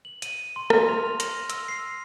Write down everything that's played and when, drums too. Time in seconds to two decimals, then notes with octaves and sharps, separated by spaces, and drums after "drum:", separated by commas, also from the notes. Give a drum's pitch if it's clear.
0.05 F#7
0.22 D#7, drum: hi-hat
0.56 C6
0.70 F6, drum: rim click
0.88 F7
1.05 F7
1.20 A#6, drum: hi-hat
1.50 E6, drum: hi-hat
1.68 C7